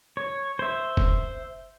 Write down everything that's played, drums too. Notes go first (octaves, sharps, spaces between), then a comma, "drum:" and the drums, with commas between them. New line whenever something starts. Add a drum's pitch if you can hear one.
C#5
C5 E5
drum: kick F1